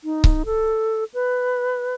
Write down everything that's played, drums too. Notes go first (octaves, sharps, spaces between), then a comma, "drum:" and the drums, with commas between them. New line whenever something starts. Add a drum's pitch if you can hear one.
D#4
drum: kick C#1
A4
B4